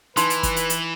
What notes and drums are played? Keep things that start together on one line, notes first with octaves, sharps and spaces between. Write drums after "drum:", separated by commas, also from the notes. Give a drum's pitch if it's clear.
E3 D#4 B4 C6, drum: hi-hat
drum: hi-hat
drum: kick, hi-hat
drum: hi-hat
drum: hi-hat